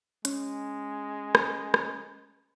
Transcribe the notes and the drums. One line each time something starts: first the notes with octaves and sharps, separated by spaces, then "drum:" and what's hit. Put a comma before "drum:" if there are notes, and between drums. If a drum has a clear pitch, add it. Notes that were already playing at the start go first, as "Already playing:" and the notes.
G#3 C#4, drum: hi-hat
drum: rim click
drum: rim click